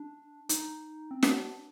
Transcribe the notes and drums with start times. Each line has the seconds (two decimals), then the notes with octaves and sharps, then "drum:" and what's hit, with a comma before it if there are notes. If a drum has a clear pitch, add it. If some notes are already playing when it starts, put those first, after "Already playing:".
Already playing: D4
0.49 D#4, drum: hi-hat
1.11 C4
1.23 D4, drum: snare